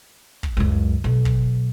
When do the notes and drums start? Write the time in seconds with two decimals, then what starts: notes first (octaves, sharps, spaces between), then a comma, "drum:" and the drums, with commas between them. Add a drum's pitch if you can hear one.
0.43 drum: kick
0.57 C#2 F#2
1.04 B1
1.25 drum: kick